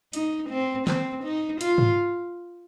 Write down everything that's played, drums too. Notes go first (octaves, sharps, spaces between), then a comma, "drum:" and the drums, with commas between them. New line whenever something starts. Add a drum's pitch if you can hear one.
D#4, drum: hi-hat
C4
C4, drum: snare
D#4
F4, drum: hi-hat
drum: tom G#2